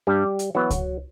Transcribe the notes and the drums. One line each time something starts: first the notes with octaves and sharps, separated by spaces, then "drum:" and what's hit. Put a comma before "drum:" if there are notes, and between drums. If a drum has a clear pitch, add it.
G2 G3 G4
drum: hi-hat
E3 F#3 B3 F#4
drum: kick C#2, hi-hat